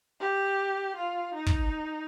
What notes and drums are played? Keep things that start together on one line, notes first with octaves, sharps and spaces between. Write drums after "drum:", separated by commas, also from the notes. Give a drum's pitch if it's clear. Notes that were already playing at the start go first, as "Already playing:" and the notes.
G4
F4
D#4
drum: kick